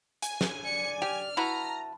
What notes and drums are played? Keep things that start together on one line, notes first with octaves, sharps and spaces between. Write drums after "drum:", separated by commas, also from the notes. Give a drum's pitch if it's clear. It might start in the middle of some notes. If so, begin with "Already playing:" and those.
G#5, drum: hi-hat
drum: snare
D5 C#7
G4 F6
E4 F#4 B4 A5 A#5